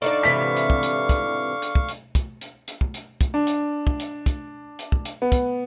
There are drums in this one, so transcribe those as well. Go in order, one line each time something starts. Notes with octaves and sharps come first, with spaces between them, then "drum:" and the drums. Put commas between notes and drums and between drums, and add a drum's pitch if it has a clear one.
D3 D4 D#4 D5 F5 C#6
G#2 C3 E3 B6
drum: hi-hat
drum: kick
drum: hi-hat
drum: kick, hi-hat
drum: hi-hat
drum: kick
drum: hi-hat
drum: kick, hi-hat
drum: hi-hat
drum: hi-hat
drum: kick
drum: hi-hat
drum: kick, hi-hat
D4
drum: hi-hat
drum: kick
drum: hi-hat
drum: kick, hi-hat
drum: hi-hat
drum: kick
drum: hi-hat
B3
drum: kick, hi-hat